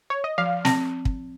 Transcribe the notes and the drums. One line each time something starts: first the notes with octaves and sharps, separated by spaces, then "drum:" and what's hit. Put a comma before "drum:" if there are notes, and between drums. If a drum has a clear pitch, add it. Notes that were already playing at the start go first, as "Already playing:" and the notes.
C#5
D#5
F3 F5
C4, drum: snare
drum: kick